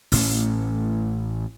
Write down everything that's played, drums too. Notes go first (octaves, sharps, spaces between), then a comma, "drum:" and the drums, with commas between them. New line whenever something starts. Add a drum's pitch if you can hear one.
A1 A2 C#4, drum: open hi-hat